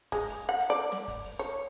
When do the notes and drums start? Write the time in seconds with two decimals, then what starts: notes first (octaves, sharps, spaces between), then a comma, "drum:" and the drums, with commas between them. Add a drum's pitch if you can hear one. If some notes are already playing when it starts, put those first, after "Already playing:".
0.12 G#3, drum: kick, open hi-hat
0.28 drum: open hi-hat
0.49 F#5
0.60 drum: hi-hat
0.70 D5
0.92 drum: snare
1.08 drum: kick, open hi-hat
1.24 drum: open hi-hat
1.39 C#5, drum: hi-hat